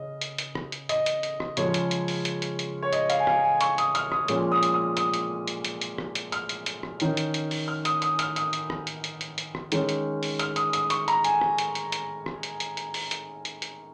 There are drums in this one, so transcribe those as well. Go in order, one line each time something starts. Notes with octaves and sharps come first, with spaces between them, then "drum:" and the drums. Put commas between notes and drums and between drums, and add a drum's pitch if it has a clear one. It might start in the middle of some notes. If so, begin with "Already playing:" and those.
Already playing: C#3 D#5
drum: hi-hat
drum: hi-hat
drum: rim click
drum: hi-hat
D#5, drum: hi-hat
drum: hi-hat
drum: hi-hat
drum: rim click
C#3 F3 G#3 C#4 C#5, drum: hi-hat
drum: hi-hat
drum: hi-hat
drum: open hi-hat
drum: hi-hat
drum: hi-hat
drum: hi-hat
C#5
D#5, drum: hi-hat
F5, drum: hi-hat
G#5
F5, drum: rim click
G#5
C#6, drum: hi-hat
D#6, drum: hi-hat
F6, drum: hi-hat
D#6, drum: rim click
A#2 F3 G#3 C#4, drum: hi-hat
D#6
drum: hi-hat
D#6
D#6, drum: hi-hat
drum: hi-hat
drum: hi-hat
drum: hi-hat
drum: hi-hat
drum: rim click
drum: hi-hat
F6, drum: hi-hat
drum: hi-hat
drum: hi-hat
drum: rim click
D#3 C#4, drum: hi-hat
drum: hi-hat
drum: hi-hat
drum: open hi-hat
F6
D#6, drum: hi-hat
D#6, drum: hi-hat
F6, drum: hi-hat
D#6, drum: hi-hat
drum: hi-hat
drum: rim click
drum: hi-hat
drum: hi-hat
drum: hi-hat
drum: hi-hat
drum: rim click
D#3 G#3 C#4, drum: hi-hat
drum: hi-hat
drum: open hi-hat
F6, drum: hi-hat
D#6, drum: hi-hat
D#6, drum: hi-hat
C#6, drum: hi-hat
A#5, drum: hi-hat
G#5, drum: hi-hat
drum: rim click
drum: hi-hat
drum: hi-hat
drum: hi-hat
drum: rim click
drum: hi-hat
drum: hi-hat
drum: hi-hat
drum: open hi-hat
drum: hi-hat
drum: hi-hat
drum: hi-hat